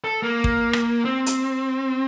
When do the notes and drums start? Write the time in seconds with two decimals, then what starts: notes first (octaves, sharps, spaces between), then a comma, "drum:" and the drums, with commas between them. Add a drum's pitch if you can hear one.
0.04 A4
0.23 A#3
0.44 drum: kick
0.73 drum: rim click
1.05 C4
1.26 drum: hi-hat